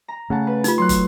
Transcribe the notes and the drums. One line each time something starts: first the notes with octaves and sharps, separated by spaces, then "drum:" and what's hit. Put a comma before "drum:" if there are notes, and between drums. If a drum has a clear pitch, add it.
A#5
C#3 A3 F#5 A5
B4
D#4 F4, drum: hi-hat
F#3 C6 F#6
drum: kick, hi-hat